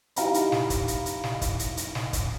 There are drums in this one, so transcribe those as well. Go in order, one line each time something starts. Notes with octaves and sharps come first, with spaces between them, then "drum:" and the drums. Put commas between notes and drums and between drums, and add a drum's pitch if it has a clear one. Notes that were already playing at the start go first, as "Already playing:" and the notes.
D#4 E4 G4 F5 A#5 B5, drum: hi-hat
drum: hi-hat
drum: snare
drum: kick, hi-hat
drum: hi-hat
drum: hi-hat
drum: snare
drum: kick, hi-hat
drum: hi-hat
drum: hi-hat
drum: snare
drum: kick, hi-hat